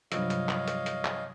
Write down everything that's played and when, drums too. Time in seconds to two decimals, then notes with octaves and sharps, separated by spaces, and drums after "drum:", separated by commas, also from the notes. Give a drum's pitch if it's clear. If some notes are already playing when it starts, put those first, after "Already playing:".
0.12 G2 C3 F3 F#3 C#5 D#5 F5, drum: hi-hat
0.30 drum: hi-hat
0.49 drum: clap
0.68 drum: hi-hat
0.86 drum: hi-hat
1.05 drum: clap